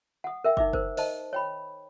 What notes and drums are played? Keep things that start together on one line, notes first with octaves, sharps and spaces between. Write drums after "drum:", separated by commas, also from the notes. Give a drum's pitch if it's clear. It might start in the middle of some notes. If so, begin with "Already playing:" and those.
F#5 D#6
A#4 E5 G5
D#4 E5 D6, drum: kick
A#4 C5, drum: kick
C5 D#5 A5, drum: open hi-hat
C#5 G5 B5